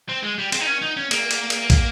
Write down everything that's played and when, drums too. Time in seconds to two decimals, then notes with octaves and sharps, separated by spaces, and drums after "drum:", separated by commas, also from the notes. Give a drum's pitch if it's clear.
0.09 C4
0.23 G#3
0.38 G3
0.52 C4, drum: cymbal
0.60 D#4
0.67 C#4
0.82 D#4
0.97 C#4
1.11 A#3, drum: cymbal
1.31 drum: cymbal
1.50 drum: cymbal
1.70 drum: kick, cymbal